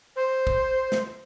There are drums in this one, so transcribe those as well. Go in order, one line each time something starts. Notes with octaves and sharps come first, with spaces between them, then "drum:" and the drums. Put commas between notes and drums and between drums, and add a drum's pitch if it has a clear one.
C5
drum: kick
drum: snare